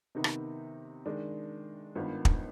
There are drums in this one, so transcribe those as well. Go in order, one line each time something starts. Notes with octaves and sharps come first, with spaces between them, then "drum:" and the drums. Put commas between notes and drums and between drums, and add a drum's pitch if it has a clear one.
C3 D#3 B3 D#4
drum: rim click
D#3 G#3 D4
G#1 G2 D#3 B3 F4
drum: kick